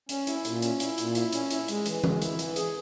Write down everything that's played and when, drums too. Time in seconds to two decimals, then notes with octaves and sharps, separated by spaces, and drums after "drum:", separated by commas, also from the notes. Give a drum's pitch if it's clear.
0.09 C#4, drum: hi-hat
0.27 E4, drum: hi-hat
0.45 A#2, drum: hi-hat
0.62 C#4, drum: hi-hat
0.80 E4, drum: hi-hat
0.98 A#2, drum: hi-hat
1.15 E4, drum: hi-hat
1.33 C#4, drum: hi-hat
1.50 E4, drum: hi-hat
1.68 G#3, drum: hi-hat
1.86 E3, drum: hi-hat
2.04 G#3, drum: tom E3
2.22 E4, drum: hi-hat
2.39 E3, drum: hi-hat
2.56 G#4, drum: hi-hat